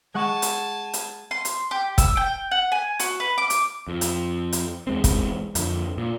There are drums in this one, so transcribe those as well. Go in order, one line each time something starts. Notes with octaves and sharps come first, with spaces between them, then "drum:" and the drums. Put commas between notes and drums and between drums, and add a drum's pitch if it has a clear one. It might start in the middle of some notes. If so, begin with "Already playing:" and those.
G#3 F#5 G#5 A5 C#6
drum: hi-hat
drum: hi-hat
C6
drum: hi-hat
G4
E6, drum: kick, hi-hat
G5
F#5
G#5
F#4, drum: hi-hat
B4
D6
drum: hi-hat
F2
drum: hi-hat
drum: hi-hat
E2 G#3 C4
drum: kick, hi-hat
F2 D3, drum: hi-hat
A#2